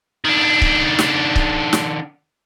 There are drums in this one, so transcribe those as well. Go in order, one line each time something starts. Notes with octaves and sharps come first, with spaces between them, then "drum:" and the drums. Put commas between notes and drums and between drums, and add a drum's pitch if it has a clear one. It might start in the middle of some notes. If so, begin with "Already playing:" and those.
D#3 D4
drum: kick C#1
drum: snare
drum: kick C#1
drum: snare